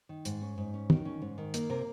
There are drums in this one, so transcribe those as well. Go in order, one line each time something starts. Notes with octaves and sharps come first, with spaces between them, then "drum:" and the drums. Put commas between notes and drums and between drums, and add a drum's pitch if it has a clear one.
D#3
G#2, drum: hi-hat
C#4
G#2
C#4
D#3, drum: tom
C#4
G#2
D#3
A#3, drum: hi-hat
C3 A#4